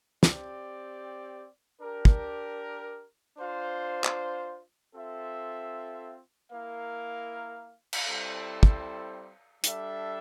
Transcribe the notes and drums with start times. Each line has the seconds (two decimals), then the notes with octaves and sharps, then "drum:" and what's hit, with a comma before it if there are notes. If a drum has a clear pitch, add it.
0.23 C4 G4 D5, drum: snare
1.79 D4 G4 A#4
2.05 drum: kick
3.36 D4 F4 C5 F5
4.04 drum: clap
4.93 C4 F4 A4 E5
6.50 A#3 E4 A#4 F5
7.93 drum: cymbal
8.06 G3 C4 E4 A4 C5
8.63 drum: kick
9.64 G3 D4 A4 E5, drum: hi-hat